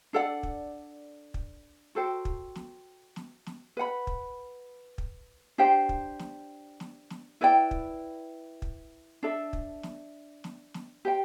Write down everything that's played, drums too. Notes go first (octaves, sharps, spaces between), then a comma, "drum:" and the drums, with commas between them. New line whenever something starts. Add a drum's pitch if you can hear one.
D4 A4 D5 F#5
drum: kick
drum: kick
F#4 A4 C5 G5
drum: kick
drum: snare
drum: snare
drum: snare
B4 F#5 B5
drum: kick
drum: kick
D4 G4 C5 G5
drum: kick
drum: snare
drum: snare
drum: snare
E4 B4 D5 G5
drum: kick
drum: kick
D4 A4 E5
drum: kick
drum: snare
drum: snare
drum: snare
G4 C5 G5